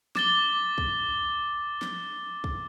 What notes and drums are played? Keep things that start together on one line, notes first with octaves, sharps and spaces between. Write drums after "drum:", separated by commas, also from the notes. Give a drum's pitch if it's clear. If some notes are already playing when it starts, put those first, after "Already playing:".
D6 A6 G7, drum: snare
drum: kick
drum: snare
drum: kick